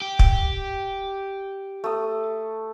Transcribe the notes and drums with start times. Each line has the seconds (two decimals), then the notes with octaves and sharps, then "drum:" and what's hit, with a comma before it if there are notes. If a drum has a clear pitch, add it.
0.02 G4
0.19 drum: kick
1.84 A3 D#6